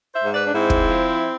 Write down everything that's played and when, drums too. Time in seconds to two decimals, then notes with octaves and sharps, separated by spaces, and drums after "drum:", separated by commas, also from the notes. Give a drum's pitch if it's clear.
0.12 C5 E5
0.23 G#2
0.33 B4 D5
0.44 D4
0.54 G#2 C4 E4
0.70 drum: kick
0.86 F3